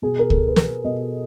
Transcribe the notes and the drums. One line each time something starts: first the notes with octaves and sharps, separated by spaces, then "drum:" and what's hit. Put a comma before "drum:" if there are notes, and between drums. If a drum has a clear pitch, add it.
B2 G#4
A#4
A4, drum: kick C#2
B4
A#4, drum: snare
B2 D#5